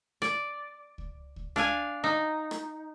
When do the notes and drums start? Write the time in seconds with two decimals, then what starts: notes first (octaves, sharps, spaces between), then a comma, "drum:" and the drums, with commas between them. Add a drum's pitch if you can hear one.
0.22 D5, drum: rim click
0.98 drum: kick C#2
1.36 drum: kick C#2
1.56 D4 F5 G#5, drum: rim click
2.04 D#4
2.51 drum: rim click